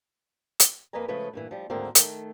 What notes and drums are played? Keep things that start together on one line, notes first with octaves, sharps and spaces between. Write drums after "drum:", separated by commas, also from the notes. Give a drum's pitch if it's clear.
drum: hi-hat
F2 A#3 B4 D#5 G#5 A#5
C#3 F3 G#3 A3 B4 C#5
G2 A#2 E3
F3 G3
D2 G#2 D3 D#3 A#3 C4
D#3 A3, drum: hi-hat